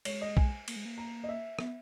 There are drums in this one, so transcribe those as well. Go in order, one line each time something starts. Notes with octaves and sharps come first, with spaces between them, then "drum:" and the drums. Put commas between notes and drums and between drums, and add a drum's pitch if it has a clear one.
G#3 C#5, drum: cymbal
D#5
G#5, drum: kick B1
A#3, drum: cymbal
G#3
A#3
A#5
D#5
E5
B3, drum: rim click